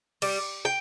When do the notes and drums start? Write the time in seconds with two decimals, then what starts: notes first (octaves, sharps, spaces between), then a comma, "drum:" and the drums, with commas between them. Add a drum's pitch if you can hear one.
0.22 G3, drum: cymbal
0.65 G5